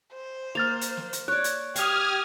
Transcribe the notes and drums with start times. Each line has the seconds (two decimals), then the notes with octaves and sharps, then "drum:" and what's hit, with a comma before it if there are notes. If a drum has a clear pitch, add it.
0.13 C5
0.55 A#3 F6 A6 F7
0.81 drum: hi-hat
0.97 drum: snare
1.13 drum: hi-hat
1.28 C#5 D5 F#6
1.44 drum: hi-hat
1.76 G4 F5 C#6 D#6 F6 G#6, drum: hi-hat